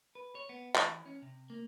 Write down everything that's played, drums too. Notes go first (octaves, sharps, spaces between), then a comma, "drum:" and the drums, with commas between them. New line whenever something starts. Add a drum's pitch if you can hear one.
B4
C#5
B3
E3, drum: clap
C#4
C3
A#3